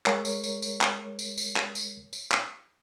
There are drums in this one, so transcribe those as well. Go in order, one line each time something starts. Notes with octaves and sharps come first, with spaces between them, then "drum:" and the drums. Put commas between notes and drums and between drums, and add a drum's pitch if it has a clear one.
G#3 A#4 C#5, drum: clap
drum: tambourine
drum: tambourine
drum: tambourine
drum: clap
drum: tambourine
drum: tambourine
drum: clap
drum: tambourine
drum: tambourine
drum: clap